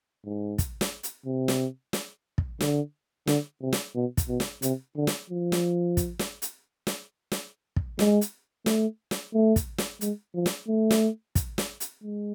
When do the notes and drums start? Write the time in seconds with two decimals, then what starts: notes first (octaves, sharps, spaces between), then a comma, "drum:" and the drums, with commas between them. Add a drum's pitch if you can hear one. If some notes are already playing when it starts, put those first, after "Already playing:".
0.25 G#2
0.58 drum: kick, hi-hat
0.81 drum: snare
1.03 drum: hi-hat
1.26 C3
1.48 drum: snare
1.93 drum: snare
2.38 drum: kick
2.61 D3, drum: snare
3.27 D3, drum: snare
3.61 C3
3.73 drum: snare
3.95 B2
4.17 drum: kick, hi-hat
4.29 B2
4.40 drum: snare
4.62 C3, drum: hi-hat
4.96 D3
5.07 drum: snare
5.30 F3
5.52 drum: snare
5.97 drum: kick, hi-hat
6.19 drum: snare
6.42 drum: hi-hat
6.87 drum: snare
7.32 drum: snare
7.76 drum: kick
7.99 G#3, drum: snare
8.21 drum: hi-hat
8.66 A3, drum: snare
9.11 drum: snare
9.34 A3
9.56 drum: kick, hi-hat
9.78 drum: snare
10.01 G#3, drum: hi-hat
10.35 F3
10.46 drum: snare
10.68 A3
10.91 drum: snare
11.35 drum: kick, hi-hat
11.58 drum: snare
11.80 drum: hi-hat
12.03 G#3